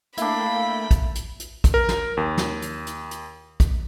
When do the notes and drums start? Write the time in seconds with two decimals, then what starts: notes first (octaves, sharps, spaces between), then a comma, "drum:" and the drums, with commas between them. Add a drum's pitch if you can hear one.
0.17 A3 A#3 D4 E4 F5 G5 B5, drum: hi-hat
0.91 drum: kick, hi-hat
1.15 drum: hi-hat
1.40 drum: hi-hat
1.64 drum: kick, hi-hat
1.74 A#4
1.89 drum: snare
2.17 D#2
2.38 drum: snare
2.62 drum: hi-hat
2.86 drum: hi-hat
3.11 drum: hi-hat
3.60 drum: kick, hi-hat